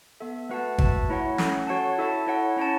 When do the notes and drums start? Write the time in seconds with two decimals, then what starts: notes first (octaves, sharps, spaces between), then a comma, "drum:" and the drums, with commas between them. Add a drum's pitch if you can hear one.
0.20 B3 A4 E5
0.49 A3 F#4 B4 F#5 A5
0.78 F#4 B4 E5 A5, drum: kick G#1
1.09 A3 E4 C#5 F#5
1.38 C#4 A4 F#5, drum: snare
1.67 F#4 C#5 F#5 A5
1.98 E4 A4 E5 A5
2.27 E4 C#5 F#5
2.57 C#4 E4 C#5 F#5 A5